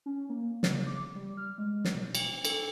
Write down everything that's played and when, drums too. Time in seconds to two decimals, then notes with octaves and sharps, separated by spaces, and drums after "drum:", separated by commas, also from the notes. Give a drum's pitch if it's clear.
0.06 C#4
0.29 A#3
0.63 C#3, drum: snare
0.87 D6
1.15 G3
1.37 F6
1.58 G#3
1.85 drum: snare
1.94 B2
2.15 drum: cymbal
2.45 A4, drum: cymbal